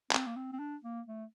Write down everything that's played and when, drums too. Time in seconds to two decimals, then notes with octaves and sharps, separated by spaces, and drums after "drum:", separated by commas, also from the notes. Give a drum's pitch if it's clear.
0.11 C4, drum: clap
0.27 A#3
0.36 C4
0.53 C4
0.59 D4
0.84 A#3
1.08 A3